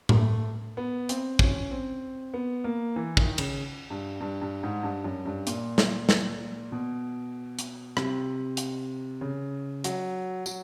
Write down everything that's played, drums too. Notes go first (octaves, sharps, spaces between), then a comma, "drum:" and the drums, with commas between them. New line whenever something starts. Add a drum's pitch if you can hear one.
A#3, drum: tom A2
A3
B3
C4, drum: hi-hat
C#4, drum: kick
C4
B3
A#3
E3
D#3, drum: kick
C#3, drum: cymbal
G2
G2
G2
G#2
G2
F#2
G2
A#2, drum: hi-hat
drum: snare
drum: snare
B2
drum: hi-hat
C3, drum: rim click
drum: hi-hat
C#3
F#3, drum: hi-hat
F#3, drum: tambourine